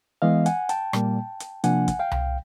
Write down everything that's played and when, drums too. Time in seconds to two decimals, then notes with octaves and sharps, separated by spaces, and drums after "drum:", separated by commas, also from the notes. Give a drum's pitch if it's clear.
0.22 E3 G#3 B3 D#5 F5
0.46 F#5 G#5, drum: hi-hat
0.69 G5 A5, drum: hi-hat
0.93 A#2 G3 A#3, drum: rim click
1.40 drum: hi-hat
1.64 C3 F3 A#3 D4 F#5 G#5, drum: hi-hat
1.88 drum: kick, hi-hat
1.99 F5 G5
2.11 drum: tom C2